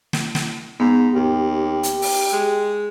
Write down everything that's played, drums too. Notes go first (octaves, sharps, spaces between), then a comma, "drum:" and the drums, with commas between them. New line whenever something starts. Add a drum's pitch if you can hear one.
drum: snare
drum: snare
G#2 B3
D#2 G4
drum: hi-hat
drum: open hi-hat
G#3